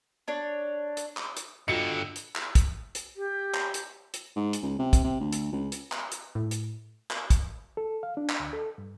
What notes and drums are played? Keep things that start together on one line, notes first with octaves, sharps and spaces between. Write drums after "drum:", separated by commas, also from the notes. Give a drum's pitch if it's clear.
D4 C#5
drum: hi-hat
drum: clap
drum: hi-hat
G2 D3 F4 F#4 D#5 C#7
drum: hi-hat
drum: clap
drum: kick, hi-hat
drum: hi-hat
G4
drum: clap
drum: hi-hat
drum: hi-hat
G#2
drum: hi-hat
C#2
C3
drum: kick, hi-hat
C3
D2
drum: hi-hat
C#2
drum: hi-hat
drum: clap
drum: hi-hat
A2
drum: hi-hat
drum: clap
drum: kick, hi-hat
A4
F5
D4
drum: clap
D2
A4
G2